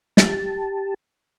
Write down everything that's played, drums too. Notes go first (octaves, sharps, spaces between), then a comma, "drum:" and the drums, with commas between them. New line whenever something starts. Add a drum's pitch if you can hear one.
G4 A5, drum: snare